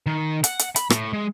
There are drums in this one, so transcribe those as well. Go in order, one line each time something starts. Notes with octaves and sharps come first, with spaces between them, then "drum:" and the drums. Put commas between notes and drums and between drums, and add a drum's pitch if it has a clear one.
D#3
F#5, drum: hi-hat
drum: hi-hat
B5, drum: hi-hat
A2, drum: rim click
G#3